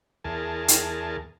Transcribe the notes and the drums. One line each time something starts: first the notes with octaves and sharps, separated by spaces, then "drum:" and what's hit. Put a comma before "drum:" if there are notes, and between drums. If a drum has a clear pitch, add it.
E2 G#4 A#4 A5
drum: hi-hat